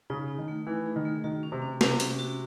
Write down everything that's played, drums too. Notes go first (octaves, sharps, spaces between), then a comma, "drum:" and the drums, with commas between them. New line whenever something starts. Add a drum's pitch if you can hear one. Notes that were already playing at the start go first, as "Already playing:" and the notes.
C#3 D#4
D#4
D#3
A3
E3 A3
G#4
D#3
A3
D#3 F#4
C#4
C3
C#4
C3 C#4, drum: snare
C#4, drum: hi-hat
F#4